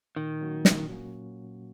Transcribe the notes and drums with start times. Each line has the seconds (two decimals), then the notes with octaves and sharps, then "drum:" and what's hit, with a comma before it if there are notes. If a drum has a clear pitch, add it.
0.16 A#2 D#3
0.41 F#3 A#3 C#4 F#4
0.65 A#2, drum: snare
0.89 F#3 A#3 C#4 F#4